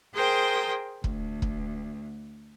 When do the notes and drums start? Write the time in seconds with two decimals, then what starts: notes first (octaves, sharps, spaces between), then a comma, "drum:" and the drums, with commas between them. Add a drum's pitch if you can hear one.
0.14 G#4 A#4 C5 G5 D#6
1.04 D2, drum: kick
1.42 drum: kick